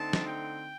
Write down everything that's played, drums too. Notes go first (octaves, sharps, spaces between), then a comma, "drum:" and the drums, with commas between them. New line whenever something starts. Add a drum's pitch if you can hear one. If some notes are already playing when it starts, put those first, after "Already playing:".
Already playing: D3 A3 C4 D#4 A5
drum: snare
G5